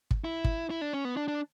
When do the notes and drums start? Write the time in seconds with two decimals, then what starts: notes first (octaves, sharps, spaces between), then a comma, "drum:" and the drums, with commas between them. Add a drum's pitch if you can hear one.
0.11 drum: kick
0.24 E4
0.44 drum: kick
0.70 E4
0.81 D4
0.93 C#4
1.05 B3
1.17 D4
1.28 D4